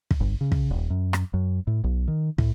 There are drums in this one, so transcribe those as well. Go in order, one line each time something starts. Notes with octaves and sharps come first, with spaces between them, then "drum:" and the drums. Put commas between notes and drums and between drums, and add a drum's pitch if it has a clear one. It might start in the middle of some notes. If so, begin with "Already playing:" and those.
drum: kick
G1
C#3
drum: kick
D#1
F#2
drum: rim click
F#2
A2
B1
D#3
A2, drum: kick